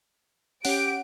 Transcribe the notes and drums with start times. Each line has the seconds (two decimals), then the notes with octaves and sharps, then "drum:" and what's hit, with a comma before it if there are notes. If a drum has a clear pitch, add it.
0.65 C#4 G4 F#5 D7, drum: open hi-hat